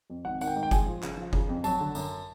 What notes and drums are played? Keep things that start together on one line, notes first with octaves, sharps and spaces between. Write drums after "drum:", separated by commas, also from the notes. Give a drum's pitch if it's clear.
F2
G#1 F#5
D#3 F#5, drum: tambourine
G5
G#2
G5
G#3 G#5, drum: kick F#1, tambourine
F3
C#3, drum: clap
F3
C#3, drum: kick F#1
F2
F#3 A5, drum: tambourine
D3
F#2, drum: tambourine